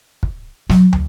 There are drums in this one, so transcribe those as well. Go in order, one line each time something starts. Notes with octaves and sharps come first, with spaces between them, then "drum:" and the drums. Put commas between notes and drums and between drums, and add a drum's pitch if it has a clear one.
drum: kick
F#3, drum: snare
drum: tom